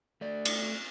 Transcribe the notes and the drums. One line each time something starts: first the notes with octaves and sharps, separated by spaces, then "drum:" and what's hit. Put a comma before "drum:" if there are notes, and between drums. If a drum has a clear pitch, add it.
A3 D5
drum: cymbal